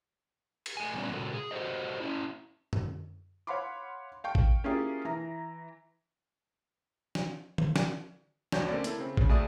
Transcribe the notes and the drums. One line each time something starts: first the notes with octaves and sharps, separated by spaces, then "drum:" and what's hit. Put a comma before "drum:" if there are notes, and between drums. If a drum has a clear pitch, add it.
drum: cymbal
A3 G#5
A#2 G3 B3 C#4
A#2 C#3 G#3 F#4 A4
G#4
F#4 G4 A4 C5 D#5
C#4 E4
drum: tom F#2
C#5 F5 F#5 B5 C6 D6
F5 G5 C#6
drum: kick A1
A#3 C#4 E4 F4 G4 G#4
E3 A#5
drum: snare
drum: tom D3
drum: snare
G1 D2 D4 F#4 C#5 G6, drum: snare
D3 A3 A#3 C4 C#4 D5
A#3 E4 A4, drum: hi-hat
C#3 C4
C#3, drum: kick A1
D2 A3 G#4 D5 E5 D#6